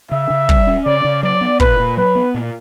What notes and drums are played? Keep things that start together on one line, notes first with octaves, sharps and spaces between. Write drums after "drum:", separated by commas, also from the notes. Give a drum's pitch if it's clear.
C#3 E5
C#3
G3, drum: kick
C#4
C#3 D5
C#3
F#3 D5
B3
A#2 B4, drum: kick
A#2
F#3 B4
B3
A#2